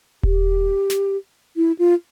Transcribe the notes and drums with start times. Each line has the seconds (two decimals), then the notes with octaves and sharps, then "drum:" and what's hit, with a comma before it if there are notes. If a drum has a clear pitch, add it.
0.23 G4, drum: kick D#1
0.90 drum: snare
1.57 E4
1.79 F4